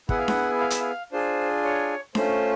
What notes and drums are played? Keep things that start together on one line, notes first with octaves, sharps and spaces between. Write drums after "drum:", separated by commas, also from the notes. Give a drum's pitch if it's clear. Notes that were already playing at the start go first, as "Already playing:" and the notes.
B3 E4 G#4 F#5, drum: kick
F5
F#5, drum: snare D4
F5
E5, drum: hi-hat
F5
D4 F4 G#4 C5
C#5
A3 C#4 F4 C5, drum: snare D4